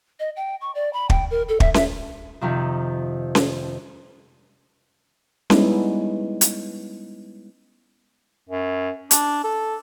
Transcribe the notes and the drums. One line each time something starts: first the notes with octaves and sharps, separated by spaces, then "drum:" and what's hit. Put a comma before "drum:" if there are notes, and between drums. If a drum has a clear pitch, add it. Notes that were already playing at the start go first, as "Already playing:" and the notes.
D#5
G5
C#6
D5
B5
G5, drum: kick
A#4
A4
E5, drum: kick
E5, drum: snare C#4
F2 C3 D#3 F3
drum: snare C#4
G3 G#3 B3 C#4 D#4 E4, drum: snare C#4
drum: hi-hat
F#2
D4, drum: hi-hat
A4